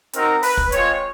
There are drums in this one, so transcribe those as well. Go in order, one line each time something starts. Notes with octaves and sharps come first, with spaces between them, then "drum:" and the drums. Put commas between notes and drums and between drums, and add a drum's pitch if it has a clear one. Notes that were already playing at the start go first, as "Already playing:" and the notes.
C4 D#4 F#4 A#4, drum: hi-hat
B4, drum: open hi-hat
drum: kick
G#3 C4 F4 C#5, drum: hi-hat